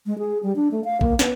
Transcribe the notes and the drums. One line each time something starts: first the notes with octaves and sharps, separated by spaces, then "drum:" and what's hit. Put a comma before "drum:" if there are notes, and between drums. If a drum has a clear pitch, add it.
G#3
G#4
G3
D4
A3
F5
A#3, drum: kick A#1
B3, drum: snare